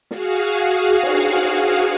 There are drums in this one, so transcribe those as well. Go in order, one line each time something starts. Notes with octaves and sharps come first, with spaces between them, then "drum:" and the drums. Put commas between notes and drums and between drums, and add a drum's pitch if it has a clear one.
F#4 G#4 F5, drum: snare
drum: cymbal